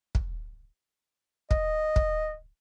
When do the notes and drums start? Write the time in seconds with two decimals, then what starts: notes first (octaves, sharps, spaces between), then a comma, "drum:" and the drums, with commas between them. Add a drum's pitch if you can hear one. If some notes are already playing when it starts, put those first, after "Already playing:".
0.15 drum: kick
1.51 D#5, drum: kick
1.96 drum: kick